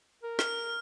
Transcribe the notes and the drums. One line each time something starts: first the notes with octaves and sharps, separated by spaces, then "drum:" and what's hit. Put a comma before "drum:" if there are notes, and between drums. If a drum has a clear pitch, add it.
A#4
F6, drum: snare